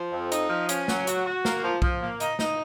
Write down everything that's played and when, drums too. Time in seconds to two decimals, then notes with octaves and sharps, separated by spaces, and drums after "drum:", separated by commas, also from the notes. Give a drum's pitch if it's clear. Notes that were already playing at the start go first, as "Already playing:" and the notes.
Already playing: F3
0.13 F2
0.32 D#4, drum: hi-hat
0.50 F3
0.69 C#4, drum: hi-hat
0.88 F#3, drum: snare
1.07 F#4, drum: hi-hat
1.26 F#4
1.45 A#3, drum: snare
1.64 F3
1.82 F3, drum: kick B1
2.01 A#3
2.20 D#4, drum: hi-hat
2.39 D#4, drum: snare